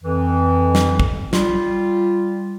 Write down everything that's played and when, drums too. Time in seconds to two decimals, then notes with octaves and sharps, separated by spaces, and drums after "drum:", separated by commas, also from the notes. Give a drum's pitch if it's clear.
0.03 F2 E3
0.75 drum: snare
1.00 drum: kick
1.33 G3 F4, drum: snare